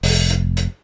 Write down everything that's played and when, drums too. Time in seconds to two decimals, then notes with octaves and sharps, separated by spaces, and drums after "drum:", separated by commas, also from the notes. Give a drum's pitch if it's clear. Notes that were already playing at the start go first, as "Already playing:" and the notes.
0.03 F1, drum: open hi-hat
0.30 drum: hi-hat
0.57 drum: hi-hat